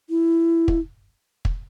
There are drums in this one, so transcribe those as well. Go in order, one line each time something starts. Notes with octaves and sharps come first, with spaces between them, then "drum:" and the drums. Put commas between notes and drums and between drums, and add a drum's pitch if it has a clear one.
E4
drum: kick
drum: kick